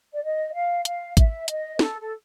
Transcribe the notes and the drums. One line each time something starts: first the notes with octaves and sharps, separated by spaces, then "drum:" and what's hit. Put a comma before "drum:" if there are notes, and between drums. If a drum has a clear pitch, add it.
D5
D#5
F5
F5, drum: hi-hat
E5, drum: kick G#1, hi-hat
D#5, drum: hi-hat
A4, drum: snare
A4